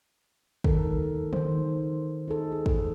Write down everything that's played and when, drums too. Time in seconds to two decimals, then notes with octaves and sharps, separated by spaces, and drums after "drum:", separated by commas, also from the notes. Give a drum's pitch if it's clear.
0.64 D#3 A4 A#4, drum: kick
1.33 D#3 C5, drum: tom C#3
2.28 D#4 G#4 A4
2.52 G#4
2.66 drum: kick